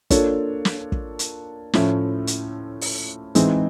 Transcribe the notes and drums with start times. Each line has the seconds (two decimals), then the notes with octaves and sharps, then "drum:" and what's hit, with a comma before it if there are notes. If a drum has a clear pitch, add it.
0.10 A#3 D4 F4 A4 C#5, drum: kick, hi-hat
0.65 drum: snare
0.92 drum: kick
1.19 drum: hi-hat
1.73 A2 F3 A3 C#4, drum: snare
2.27 drum: hi-hat
2.81 drum: open hi-hat
3.35 E3 G#3 C4 D#4 G#4, drum: hi-hat